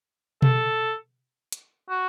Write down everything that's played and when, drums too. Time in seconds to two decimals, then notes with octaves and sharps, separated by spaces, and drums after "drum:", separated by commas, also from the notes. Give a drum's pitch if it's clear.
0.42 A4, drum: tom B2
1.52 drum: hi-hat
1.90 F#4